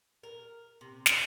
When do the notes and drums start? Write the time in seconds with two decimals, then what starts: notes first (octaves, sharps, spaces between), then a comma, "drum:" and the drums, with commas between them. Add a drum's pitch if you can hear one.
0.23 A#4
0.81 C3
1.06 drum: snare